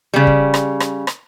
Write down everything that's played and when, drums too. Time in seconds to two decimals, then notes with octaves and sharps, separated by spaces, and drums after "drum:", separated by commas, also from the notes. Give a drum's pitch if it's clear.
0.14 C#3 G3
0.27 drum: kick
0.54 drum: rim click
0.80 drum: rim click
1.07 drum: rim click